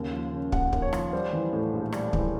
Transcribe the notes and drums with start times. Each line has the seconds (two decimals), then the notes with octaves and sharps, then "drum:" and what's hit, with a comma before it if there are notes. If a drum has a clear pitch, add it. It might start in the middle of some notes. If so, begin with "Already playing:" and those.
Already playing: D#2 C#3
0.13 F3
0.32 C#3
0.52 D#2 F#5, drum: kick
0.73 D#2, drum: kick
0.82 C#5
0.93 F3, drum: rim click
1.13 G3 C5
1.33 E3
1.53 A2
1.72 A#1
1.92 G3, drum: rim click
2.13 E3, drum: kick